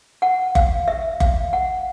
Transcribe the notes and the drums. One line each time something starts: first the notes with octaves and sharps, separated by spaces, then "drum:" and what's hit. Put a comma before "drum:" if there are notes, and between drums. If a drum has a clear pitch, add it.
F#5
F5, drum: kick F#1
E5
F5, drum: kick F#1
F#5